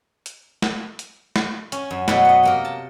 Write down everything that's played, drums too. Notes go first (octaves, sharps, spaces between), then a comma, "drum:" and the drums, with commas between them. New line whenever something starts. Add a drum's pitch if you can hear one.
drum: hi-hat
drum: snare
drum: hi-hat
drum: snare
C#4, drum: hi-hat
F#2
B2 F#3 E4 B4 D5 F#5, drum: snare
B4 D#5
C3 A#3 A#4
A5